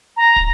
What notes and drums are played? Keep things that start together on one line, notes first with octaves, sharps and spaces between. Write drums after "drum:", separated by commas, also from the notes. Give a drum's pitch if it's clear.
A#5
drum: kick